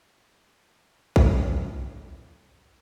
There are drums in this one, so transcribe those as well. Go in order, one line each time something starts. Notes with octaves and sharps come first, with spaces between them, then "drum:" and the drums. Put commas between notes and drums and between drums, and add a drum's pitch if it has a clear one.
G#5
C6
drum: kick
E5
G6
G#6